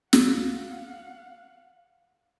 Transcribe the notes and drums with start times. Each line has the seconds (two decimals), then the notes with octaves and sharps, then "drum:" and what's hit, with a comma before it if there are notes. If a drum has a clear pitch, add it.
0.13 F5 F#5, drum: snare